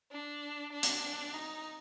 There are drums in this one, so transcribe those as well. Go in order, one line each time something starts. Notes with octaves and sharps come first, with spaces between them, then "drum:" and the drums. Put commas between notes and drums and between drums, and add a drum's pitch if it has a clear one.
D4
D4
drum: hi-hat
D#4